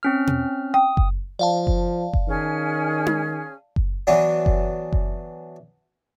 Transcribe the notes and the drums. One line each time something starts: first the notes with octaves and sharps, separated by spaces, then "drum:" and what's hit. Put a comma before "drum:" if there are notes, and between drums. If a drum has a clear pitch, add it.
C4 C#4 F6
drum: tom B2
G5 D#6
drum: kick F#1
F3 D5 F5 A5
drum: kick F#1
drum: kick F#1
D#3 C#4 G#4 F6
drum: tom D#4
drum: kick F#1
E3 F#3 B3 D4
drum: kick F#1
drum: kick F#1